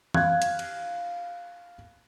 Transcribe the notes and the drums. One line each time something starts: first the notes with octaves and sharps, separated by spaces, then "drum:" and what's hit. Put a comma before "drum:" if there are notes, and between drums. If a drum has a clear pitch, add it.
F5 F#6 G#6, drum: tom E3
drum: hi-hat
drum: cymbal